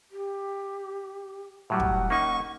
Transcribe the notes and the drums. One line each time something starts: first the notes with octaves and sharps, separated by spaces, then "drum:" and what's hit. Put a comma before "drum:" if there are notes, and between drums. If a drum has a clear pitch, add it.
G4
A2 F#3 G3 F#5
drum: kick
A#3 C#4 D#4 C#6